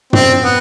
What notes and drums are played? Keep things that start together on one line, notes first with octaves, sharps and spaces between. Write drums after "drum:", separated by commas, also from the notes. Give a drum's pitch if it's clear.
C4, drum: tom
B3